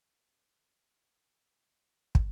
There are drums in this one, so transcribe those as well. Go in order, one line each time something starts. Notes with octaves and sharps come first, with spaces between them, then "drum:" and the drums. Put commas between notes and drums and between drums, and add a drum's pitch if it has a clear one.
G5
C4
drum: kick